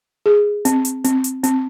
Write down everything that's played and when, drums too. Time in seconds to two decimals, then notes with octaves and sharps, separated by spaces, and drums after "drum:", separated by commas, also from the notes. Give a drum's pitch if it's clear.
0.26 G#4
0.65 C4, drum: hi-hat
0.85 drum: hi-hat
1.04 C4, drum: hi-hat
1.24 drum: hi-hat
1.44 C4, drum: hi-hat